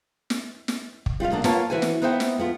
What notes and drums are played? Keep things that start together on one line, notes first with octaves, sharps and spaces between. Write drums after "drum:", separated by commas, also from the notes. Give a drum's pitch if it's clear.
drum: snare
drum: snare
drum: kick
G3 F4 B4 F5
B2 F#3 A#3 D4
A#3 F4 B4 C#5 F#5 A5, drum: snare
E3 F#4 B4 C5 G#5
drum: snare
B3 D#4 C5 E5 F#5 G5
drum: snare
F2 B3 F4